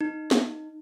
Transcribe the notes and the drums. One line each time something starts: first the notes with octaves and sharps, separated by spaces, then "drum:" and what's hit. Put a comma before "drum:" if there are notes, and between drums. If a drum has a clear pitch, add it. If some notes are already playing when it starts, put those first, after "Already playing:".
D#4
drum: snare